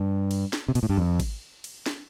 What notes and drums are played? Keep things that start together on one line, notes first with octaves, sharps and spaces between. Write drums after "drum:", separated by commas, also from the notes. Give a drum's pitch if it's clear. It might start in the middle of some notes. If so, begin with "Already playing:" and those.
Already playing: G2
drum: cymbal
drum: snare
C3
B2, drum: cymbal
A2
G2
F2
drum: kick G#1, cymbal
drum: cymbal
drum: snare